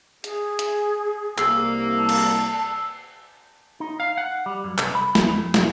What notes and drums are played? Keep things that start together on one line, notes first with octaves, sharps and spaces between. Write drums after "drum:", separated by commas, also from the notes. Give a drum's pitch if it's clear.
G#4, drum: hi-hat
drum: hi-hat
C2 A#3 E6 C7, drum: clap
A5
drum: cymbal
D#4
F5
F#5
G3
F#2
C2, drum: clap
B5
E2, drum: snare
F2
C3, drum: snare